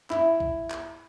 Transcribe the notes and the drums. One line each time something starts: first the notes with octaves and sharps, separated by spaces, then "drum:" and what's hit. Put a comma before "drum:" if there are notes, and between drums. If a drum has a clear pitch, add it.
E4, drum: clap
drum: kick B1
drum: clap